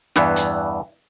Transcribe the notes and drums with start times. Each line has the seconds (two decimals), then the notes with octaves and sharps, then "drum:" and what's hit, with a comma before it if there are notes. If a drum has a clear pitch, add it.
0.16 E2 G2 E3 B3, drum: snare
0.36 drum: hi-hat